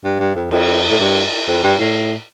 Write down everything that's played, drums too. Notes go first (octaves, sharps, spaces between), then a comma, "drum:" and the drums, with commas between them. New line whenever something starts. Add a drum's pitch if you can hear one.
G2
G2
F2
F2, drum: cymbal
A2
G2
F2
G2
A2